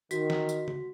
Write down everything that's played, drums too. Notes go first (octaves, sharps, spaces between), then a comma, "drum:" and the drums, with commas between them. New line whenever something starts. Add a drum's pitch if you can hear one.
D#3 F#4 B6, drum: tambourine
drum: snare
drum: tambourine
drum: tom C#3